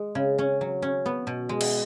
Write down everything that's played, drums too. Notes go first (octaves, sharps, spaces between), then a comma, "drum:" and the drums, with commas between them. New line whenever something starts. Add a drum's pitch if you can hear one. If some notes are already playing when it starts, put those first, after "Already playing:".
Already playing: G#3
C#3
C#4
F#3
C#4
B3
B2
G#3
drum: cymbal